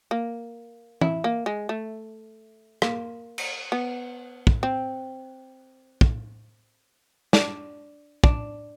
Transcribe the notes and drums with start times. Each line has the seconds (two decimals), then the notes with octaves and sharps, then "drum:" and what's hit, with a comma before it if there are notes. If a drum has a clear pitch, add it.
0.11 A#3
1.01 E4, drum: tom E3
1.24 A#3
1.46 G#3
1.69 A3
2.82 A#3, drum: rim click
3.38 drum: cymbal
3.72 B3
4.47 drum: kick
4.63 C4
6.01 drum: kick
7.33 D4, drum: snare
8.24 D4, drum: kick